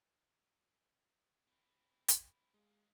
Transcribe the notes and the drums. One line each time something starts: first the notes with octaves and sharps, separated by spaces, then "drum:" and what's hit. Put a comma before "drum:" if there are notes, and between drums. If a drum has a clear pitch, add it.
C4 E4
drum: hi-hat
G#3 D#4 F5